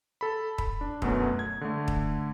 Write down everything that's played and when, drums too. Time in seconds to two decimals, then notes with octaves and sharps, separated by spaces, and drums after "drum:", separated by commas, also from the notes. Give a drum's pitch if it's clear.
0.21 A4 B5
0.58 B5, drum: kick
0.81 D4
1.02 F#2 B2 F#3 A3 B3, drum: kick
1.39 G#6
1.61 D3 A3
1.88 drum: kick